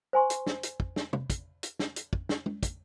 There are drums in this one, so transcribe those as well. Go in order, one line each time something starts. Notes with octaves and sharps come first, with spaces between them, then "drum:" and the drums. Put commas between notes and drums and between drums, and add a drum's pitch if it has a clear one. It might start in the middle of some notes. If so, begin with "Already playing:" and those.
C5 G#5 C6 C#6
drum: hi-hat
drum: snare
drum: hi-hat
drum: kick
drum: snare
drum: tom
drum: kick, hi-hat
drum: hi-hat
drum: snare
drum: hi-hat
drum: kick
drum: snare
drum: tom
drum: kick, hi-hat